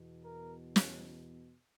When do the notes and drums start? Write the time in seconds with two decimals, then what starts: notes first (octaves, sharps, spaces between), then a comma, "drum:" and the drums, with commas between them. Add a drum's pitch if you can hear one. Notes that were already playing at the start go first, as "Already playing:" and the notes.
Already playing: E2 B2
0.24 A#4
0.76 drum: snare